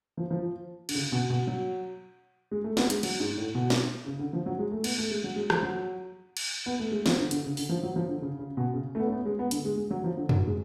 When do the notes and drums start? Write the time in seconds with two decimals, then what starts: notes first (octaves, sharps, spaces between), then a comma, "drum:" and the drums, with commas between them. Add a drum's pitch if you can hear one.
0.17 F3
0.31 F3
0.89 D3, drum: cymbal
0.95 C#3
1.12 B2
1.30 B2
1.47 F#3
2.51 G#3
2.64 A3
2.77 B3, drum: snare
2.90 G#3, drum: hi-hat
3.03 F#3, drum: cymbal
3.20 G#2
3.37 A2
3.55 B2
3.70 drum: snare
4.06 C#3
4.19 D3
4.33 F3
4.46 F#3
4.59 G#3
4.71 A3
4.84 B3, drum: cymbal
4.98 A3
5.11 G#3
5.24 F#3
5.36 G#3
5.50 F3, drum: rim click
5.63 F#3
6.37 drum: cymbal
6.66 B3
6.79 A3
6.92 G#3
7.06 F3, drum: snare
7.18 D3
7.31 D3, drum: hi-hat
7.44 C#3
7.57 D3, drum: open hi-hat
7.69 F3
7.83 F#3
7.96 F3
8.09 D3
8.22 C#3
8.39 C#3
8.57 B2
8.74 C#3
8.95 A3
8.99 B3
9.07 C#4
9.12 B3
9.25 G#3
9.39 B3
9.51 D3, drum: hi-hat
9.65 G#3
9.77 G#3
9.91 F#3
10.04 F3
10.17 D3
10.29 F#3, drum: tom
10.47 G#3